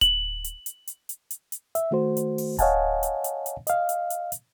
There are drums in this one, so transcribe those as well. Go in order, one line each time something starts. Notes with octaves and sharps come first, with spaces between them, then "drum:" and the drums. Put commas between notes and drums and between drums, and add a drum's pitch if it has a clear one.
F#7, drum: kick D1, hi-hat
drum: hi-hat
drum: hi-hat
drum: hi-hat
drum: hi-hat
drum: hi-hat
drum: hi-hat
E5, drum: hi-hat
D#3 A3 F#4 C5
drum: hi-hat
drum: open hi-hat
C#5 D#5 F5 F#5 G#5 A5, drum: kick D1, hi-hat
drum: hi-hat
drum: hi-hat
drum: hi-hat
D#5 F5, drum: hi-hat
drum: hi-hat
drum: hi-hat
drum: hi-hat